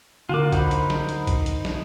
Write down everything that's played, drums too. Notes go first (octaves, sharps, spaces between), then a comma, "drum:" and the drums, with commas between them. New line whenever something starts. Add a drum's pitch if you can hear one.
D3 F4 F#4 A#4 D6
D#4 C5 F#5 B5, drum: kick B1, hi-hat
drum: hi-hat
drum: snare
drum: hi-hat
drum: kick B1, hi-hat
drum: hi-hat
drum: snare